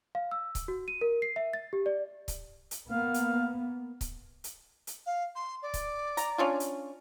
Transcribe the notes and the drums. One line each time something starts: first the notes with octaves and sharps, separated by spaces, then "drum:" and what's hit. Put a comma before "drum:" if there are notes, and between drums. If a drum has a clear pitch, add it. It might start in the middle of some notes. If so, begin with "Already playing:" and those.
F5
E6
drum: kick C#1, hi-hat
F#4
D#7
A#4
C7
E5
A6
G4
D5
drum: kick C#1, hi-hat
drum: hi-hat
A#3 B3 F5
drum: hi-hat
drum: kick C#1, hi-hat
drum: hi-hat
drum: hi-hat
F5
C6
D5
drum: kick C#1, hi-hat
A#5, drum: hi-hat
C#4 D4 F4
drum: hi-hat